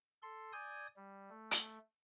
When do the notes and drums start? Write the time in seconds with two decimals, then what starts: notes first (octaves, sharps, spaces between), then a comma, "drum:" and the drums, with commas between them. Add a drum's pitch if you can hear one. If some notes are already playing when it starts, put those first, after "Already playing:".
0.22 A4 C6
0.53 D5 G#5 D#6 G6 G#6
0.96 G3
1.30 A3
1.51 drum: hi-hat